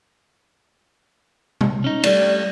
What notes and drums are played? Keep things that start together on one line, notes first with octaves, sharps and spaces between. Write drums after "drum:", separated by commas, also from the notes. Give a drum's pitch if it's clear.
drum: tom B2
C#4 D#4
G3 A3 D5, drum: cymbal